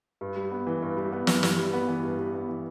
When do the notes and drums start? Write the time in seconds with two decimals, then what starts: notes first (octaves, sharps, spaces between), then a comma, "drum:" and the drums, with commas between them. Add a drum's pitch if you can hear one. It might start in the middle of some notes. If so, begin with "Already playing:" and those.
0.21 G2
0.36 G3
0.51 B3
0.67 E3
0.82 G2
0.97 G3
1.12 B3
1.27 E3, drum: snare
1.43 G2, drum: snare
1.58 G3
1.73 B3
1.88 E3
2.04 G2
2.18 G3
2.35 B3
2.49 E3